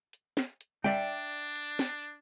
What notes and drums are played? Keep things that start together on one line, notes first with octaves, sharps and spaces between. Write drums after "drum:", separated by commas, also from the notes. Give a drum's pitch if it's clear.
drum: hi-hat
drum: snare
drum: hi-hat
D4 D5 E5 G5, drum: tom G3
drum: hi-hat
drum: hi-hat
drum: snare
drum: hi-hat